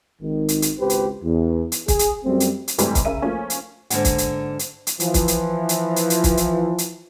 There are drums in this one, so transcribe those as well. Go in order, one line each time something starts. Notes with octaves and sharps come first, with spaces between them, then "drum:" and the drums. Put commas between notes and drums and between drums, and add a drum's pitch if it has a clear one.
G#1 D#3
drum: hi-hat
drum: hi-hat
G#1 C#2 G4 B4 C5
drum: hi-hat
E2
drum: hi-hat
G#4, drum: kick, hi-hat
drum: hi-hat
F#2 G3 A3 C4
drum: hi-hat
drum: hi-hat
G#2 C3 E3 G3 A3, drum: hi-hat
drum: kick, hi-hat
C#3 A#4 E5 D#7
F3 A3 A#3 C#4
drum: hi-hat
G#2 D3 A#3 D4 C#5 F#5, drum: hi-hat
drum: kick, hi-hat
drum: hi-hat
drum: hi-hat
drum: hi-hat
E3 F3, drum: hi-hat
drum: kick, hi-hat
drum: hi-hat
drum: hi-hat
drum: hi-hat
drum: hi-hat
drum: kick, hi-hat
drum: hi-hat
drum: hi-hat